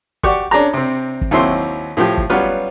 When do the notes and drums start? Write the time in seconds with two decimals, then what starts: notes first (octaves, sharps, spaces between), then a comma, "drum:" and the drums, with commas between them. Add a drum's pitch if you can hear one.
0.23 F#4 G4 D5 C#6 D6, drum: kick
0.51 C#4 D4 G#4 A#5
0.73 C3 C4
1.21 drum: kick
1.31 D#2 F#3 C4 E4 C6
1.97 A2 F3 G4
2.18 drum: kick
2.30 F#3 G3 B3 C#4 F4 B4